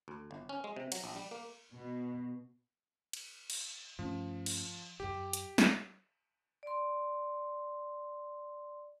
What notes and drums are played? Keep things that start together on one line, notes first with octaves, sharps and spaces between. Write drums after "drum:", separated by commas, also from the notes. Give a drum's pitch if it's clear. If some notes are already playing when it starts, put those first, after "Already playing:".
D2
G1
C#4
G#3
C3
F#3, drum: cymbal
A#1
G3
A#3
B2
drum: cymbal
drum: cymbal
G2 F3 A3 C#4
drum: cymbal
D1 F#2 G4
drum: hi-hat
drum: snare
D5 C6